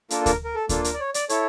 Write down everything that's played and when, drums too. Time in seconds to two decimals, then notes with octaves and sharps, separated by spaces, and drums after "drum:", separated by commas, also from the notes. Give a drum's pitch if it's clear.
0.10 A#3 D4 F4 A4 A#4, drum: hi-hat
0.26 A#4, drum: kick D2, hi-hat
0.45 A#4
0.55 A4
0.69 A#3 D4 F4 A4, drum: kick D2, hi-hat
0.84 A#4, drum: hi-hat
0.94 D5
1.00 C#5
1.14 D5, drum: hi-hat
1.29 E4 A4 C#5, drum: hi-hat